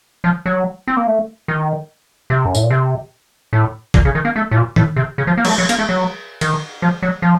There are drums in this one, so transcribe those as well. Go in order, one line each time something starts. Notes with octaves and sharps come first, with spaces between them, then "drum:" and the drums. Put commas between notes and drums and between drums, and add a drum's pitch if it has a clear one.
F3
F#3
C4
A#3
A3
D#3
C3
F#2
A2, drum: tambourine
A#2
C3
A2
A#2, drum: kick
C#3
D#3
A#3
A3
A2
A#2
A2, drum: tom D#3
C3
C#3
F3
A#3
F#3, drum: cymbal
A3
F#3
A#3, drum: hi-hat
A3
F#3
D#3, drum: cymbal
F3
F#3
F3